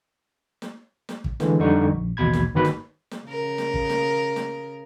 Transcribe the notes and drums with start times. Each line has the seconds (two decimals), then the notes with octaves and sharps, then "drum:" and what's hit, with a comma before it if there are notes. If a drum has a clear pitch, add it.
0.62 drum: snare
1.09 drum: snare
1.24 drum: kick
1.40 D3 E3 G#3, drum: snare
1.59 F2 D3 G3 D#4 G4 C#6
1.90 A#1
2.17 A1 D#2 B2 B5 G#6
2.33 drum: snare
2.54 G1 D#3 F#4 B4 B5
2.65 drum: snare
3.11 drum: snare
3.25 C#3 A#4
3.58 drum: snare
3.74 drum: kick
3.89 drum: snare
4.36 drum: snare